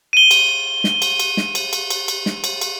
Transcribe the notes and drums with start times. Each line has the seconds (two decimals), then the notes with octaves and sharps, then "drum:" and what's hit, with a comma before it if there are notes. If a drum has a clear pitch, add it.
0.13 D#7 G7
0.31 drum: cymbal
0.84 drum: snare
1.02 drum: cymbal
1.20 drum: cymbal
1.37 drum: snare
1.55 drum: cymbal
1.73 drum: cymbal
1.90 drum: cymbal
2.08 drum: cymbal
2.26 drum: snare
2.44 drum: cymbal
2.61 drum: cymbal